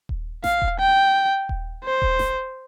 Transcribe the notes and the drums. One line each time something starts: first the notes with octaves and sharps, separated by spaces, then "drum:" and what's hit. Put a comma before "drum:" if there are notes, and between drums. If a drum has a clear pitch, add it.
drum: kick D#1
F5, drum: snare A1
drum: kick D#1
G5
drum: kick D#1
C5
drum: kick D#1
drum: snare A1